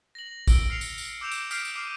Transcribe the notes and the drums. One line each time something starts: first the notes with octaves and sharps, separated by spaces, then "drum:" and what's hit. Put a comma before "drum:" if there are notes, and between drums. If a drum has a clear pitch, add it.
A#6 F#7
E6 D7 G7, drum: kick, tambourine
F6 C7 C#7 F7
drum: tambourine
drum: tambourine
D6 E6 G6 D7 E7 F7
drum: tambourine
D#6 F6 G6 B6 C7 D7, drum: tambourine
drum: tambourine
D6 F6 C7 D#7